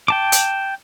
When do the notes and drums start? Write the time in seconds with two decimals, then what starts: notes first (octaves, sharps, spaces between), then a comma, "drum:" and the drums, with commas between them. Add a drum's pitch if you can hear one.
0.08 G5 A5 D6
0.32 drum: hi-hat